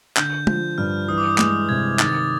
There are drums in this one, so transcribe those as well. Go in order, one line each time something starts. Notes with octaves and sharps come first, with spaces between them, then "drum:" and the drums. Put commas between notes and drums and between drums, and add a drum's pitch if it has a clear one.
D3 G6, drum: clap
F3 G6, drum: tom
G2 F6
E3 D#6
D6
D#6
G#3 D#6, drum: clap
C3 G#6
D#3 A6, drum: clap